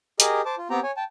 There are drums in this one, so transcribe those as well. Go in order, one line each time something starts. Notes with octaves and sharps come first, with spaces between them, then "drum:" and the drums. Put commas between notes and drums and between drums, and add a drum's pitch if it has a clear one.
G4 G#4 A#4 D#5, drum: hi-hat
C5 A5 D6
F4
B3 C4 G4 G5 A#5
C#5 G#5
G5 A5